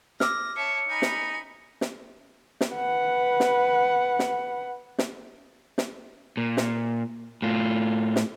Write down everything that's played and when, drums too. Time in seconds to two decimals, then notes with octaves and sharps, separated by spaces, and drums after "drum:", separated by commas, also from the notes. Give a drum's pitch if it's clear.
0.20 D6 E6 F6 A#6, drum: snare
0.56 C#5 E5 A5 C#7
0.89 D#4 G#5 B5
1.02 drum: snare
1.81 drum: snare
2.61 drum: snare
2.73 B4 F#5
3.40 drum: snare
4.19 drum: snare
4.98 drum: snare
5.78 drum: snare
6.37 A#2
6.57 drum: snare
7.42 A2 F4
8.16 drum: snare